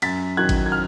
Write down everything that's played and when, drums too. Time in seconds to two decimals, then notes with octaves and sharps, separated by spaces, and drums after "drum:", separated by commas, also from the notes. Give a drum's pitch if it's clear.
0.02 F#2 A6 B6, drum: cymbal
0.37 D#3 F#3 F#6 G#6
0.49 drum: kick G#1, cymbal
0.66 G#6
0.72 F6